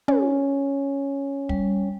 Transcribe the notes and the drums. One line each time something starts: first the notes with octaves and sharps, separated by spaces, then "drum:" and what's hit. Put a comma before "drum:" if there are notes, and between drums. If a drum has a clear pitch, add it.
C#4, drum: tom
G3, drum: kick